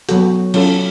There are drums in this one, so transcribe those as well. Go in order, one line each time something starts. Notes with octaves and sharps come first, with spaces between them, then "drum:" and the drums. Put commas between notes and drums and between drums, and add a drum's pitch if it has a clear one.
F#3 B3 F#4 A4, drum: hi-hat
F#3 C#4 F4 A4, drum: cymbal